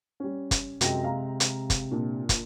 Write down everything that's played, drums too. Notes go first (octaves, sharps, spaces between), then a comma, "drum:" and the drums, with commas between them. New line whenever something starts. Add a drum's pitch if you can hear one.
G3 C#4
drum: kick, hi-hat
F#2 C3 G#3 G5 A#6, drum: hi-hat
F5 A#5
drum: hi-hat
drum: kick, hi-hat
A#2 D4
drum: kick, hi-hat